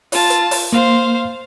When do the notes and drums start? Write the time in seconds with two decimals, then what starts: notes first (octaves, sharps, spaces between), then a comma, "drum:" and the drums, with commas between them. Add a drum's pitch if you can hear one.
0.12 F4 A5, drum: open hi-hat
0.30 drum: hi-hat
0.51 drum: open hi-hat
0.73 A#3 C5 F5